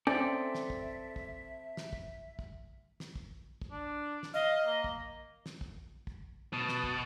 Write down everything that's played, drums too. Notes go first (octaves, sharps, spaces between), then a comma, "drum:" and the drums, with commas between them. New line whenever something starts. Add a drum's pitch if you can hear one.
C4 C#4 A4 D5 E5
drum: snare
drum: kick
drum: kick
drum: snare
drum: kick
drum: kick
drum: snare
drum: kick
drum: kick
D4
drum: snare
D#5 F5
A#3
drum: kick
drum: snare
drum: kick
drum: kick
B2 A5 D#6
drum: snare
drum: kick